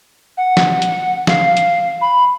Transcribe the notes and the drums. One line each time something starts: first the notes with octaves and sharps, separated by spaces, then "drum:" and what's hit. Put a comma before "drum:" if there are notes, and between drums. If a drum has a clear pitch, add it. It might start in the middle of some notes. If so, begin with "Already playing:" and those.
F#5
drum: snare
drum: hi-hat
F5, drum: snare
drum: hi-hat
B5